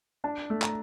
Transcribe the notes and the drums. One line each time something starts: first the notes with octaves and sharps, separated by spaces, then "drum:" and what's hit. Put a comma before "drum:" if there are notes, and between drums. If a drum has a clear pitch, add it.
D4 A5
A3
A#5, drum: clap